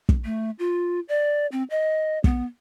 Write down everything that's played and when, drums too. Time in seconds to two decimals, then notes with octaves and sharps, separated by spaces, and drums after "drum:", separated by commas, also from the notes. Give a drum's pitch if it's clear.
0.09 drum: kick
0.25 A3
0.59 F4
1.09 D5
1.52 C4
1.70 D#5
2.24 B3, drum: kick